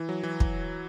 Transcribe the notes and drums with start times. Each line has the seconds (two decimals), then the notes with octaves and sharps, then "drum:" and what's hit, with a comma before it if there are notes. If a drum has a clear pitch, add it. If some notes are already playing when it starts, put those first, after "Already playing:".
Already playing: E3
0.09 F#3
0.23 E3
0.40 drum: kick